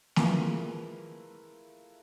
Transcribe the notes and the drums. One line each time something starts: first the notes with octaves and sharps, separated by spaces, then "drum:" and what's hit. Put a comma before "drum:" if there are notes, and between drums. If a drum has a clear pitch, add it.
G#3 A3 E4 F4 A#4 B4, drum: snare